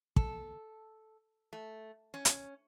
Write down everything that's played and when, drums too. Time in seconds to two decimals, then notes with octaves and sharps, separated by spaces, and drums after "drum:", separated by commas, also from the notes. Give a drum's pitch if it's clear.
0.16 A4, drum: kick
1.53 A3
2.14 C#4
2.25 drum: hi-hat